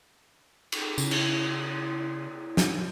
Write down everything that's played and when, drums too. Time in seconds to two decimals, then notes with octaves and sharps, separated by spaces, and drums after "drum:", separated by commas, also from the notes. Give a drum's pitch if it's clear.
0.72 drum: cymbal
0.98 C#3 E4 C#5, drum: tambourine
1.11 drum: cymbal
2.57 drum: snare